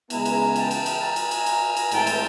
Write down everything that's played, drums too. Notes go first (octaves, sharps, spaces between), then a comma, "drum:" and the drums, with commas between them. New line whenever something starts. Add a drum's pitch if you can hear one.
C#3 E3 G#3 B3 E4 G#5 A#5, drum: cymbal
drum: cymbal
G5 A5, drum: cymbal
drum: cymbal
drum: cymbal
G#5 A#5
drum: cymbal
drum: cymbal
drum: cymbal
drum: cymbal
A2 E3 G#3 C4 G5 A5, drum: cymbal
drum: cymbal